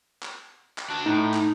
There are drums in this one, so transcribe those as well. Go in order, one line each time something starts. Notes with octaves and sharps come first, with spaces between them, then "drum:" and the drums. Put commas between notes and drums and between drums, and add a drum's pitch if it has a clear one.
drum: clap
drum: clap
D4 F#4
A2 D#4
drum: clap